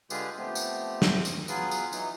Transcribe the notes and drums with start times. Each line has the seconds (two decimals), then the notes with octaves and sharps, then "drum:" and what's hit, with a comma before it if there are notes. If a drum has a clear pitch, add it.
0.10 D3 G#3 F4 G4 G#4 B4, drum: tambourine
0.38 F3 A3 B3 C4 G4
0.55 drum: tambourine
1.02 drum: snare
1.25 drum: tambourine
1.48 F#3 B3 F4 G#4 B4, drum: tambourine
1.71 drum: tambourine
1.93 E3 F#3 D#4, drum: tambourine